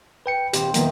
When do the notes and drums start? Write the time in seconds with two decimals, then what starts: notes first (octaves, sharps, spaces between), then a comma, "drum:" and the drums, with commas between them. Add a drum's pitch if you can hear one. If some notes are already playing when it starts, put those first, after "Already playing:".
0.26 B4 G5 C#7
0.53 D#1 C4 G4, drum: hi-hat
0.74 E2 D#3 F3 A#3 B3, drum: hi-hat